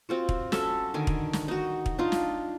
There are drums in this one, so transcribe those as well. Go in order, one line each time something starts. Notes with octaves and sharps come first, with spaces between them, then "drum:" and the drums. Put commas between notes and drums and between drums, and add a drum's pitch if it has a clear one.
C4 F4 F#4
drum: kick
C#4 F#4 A4 E5, drum: snare
D3 D#3 G#5
drum: kick
drum: snare
D#4 F#4
drum: kick
D4 D#4 F4
drum: snare